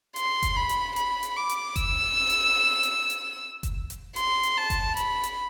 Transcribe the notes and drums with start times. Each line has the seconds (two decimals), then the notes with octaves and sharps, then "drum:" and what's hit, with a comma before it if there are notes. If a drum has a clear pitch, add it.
0.16 C6, drum: hi-hat
0.43 drum: kick F#1, hi-hat
0.56 B5
0.69 drum: hi-hat
0.96 B5, drum: hi-hat
1.23 drum: hi-hat
1.36 D6
1.49 drum: hi-hat
1.76 E6, drum: kick F#1, hi-hat
2.30 drum: hi-hat
2.83 drum: hi-hat
3.10 drum: hi-hat
3.63 drum: kick F#1, hi-hat
3.90 drum: hi-hat
4.16 C6, drum: hi-hat
4.43 drum: hi-hat
4.57 A5
4.70 drum: kick F#1, hi-hat
4.97 B5, drum: hi-hat
5.23 drum: hi-hat